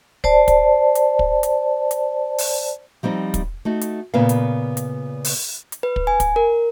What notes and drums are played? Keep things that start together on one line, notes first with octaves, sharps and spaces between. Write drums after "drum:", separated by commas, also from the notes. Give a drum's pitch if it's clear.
C5 D5 A5, drum: kick
drum: kick, hi-hat
drum: hi-hat
drum: kick
drum: hi-hat
drum: hi-hat
drum: open hi-hat
F3 G3 C4 D#4
drum: kick, hi-hat
A3 D#4 F#4
drum: hi-hat
A#2 C#3 B3 F4 B4 F5
drum: hi-hat
drum: hi-hat
drum: open hi-hat
drum: hi-hat
B4
drum: kick
G#5
drum: kick, hi-hat
A#4